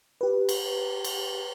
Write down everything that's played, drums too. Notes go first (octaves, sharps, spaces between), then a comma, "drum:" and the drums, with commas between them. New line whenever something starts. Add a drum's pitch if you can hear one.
G4 B4
drum: cymbal
drum: cymbal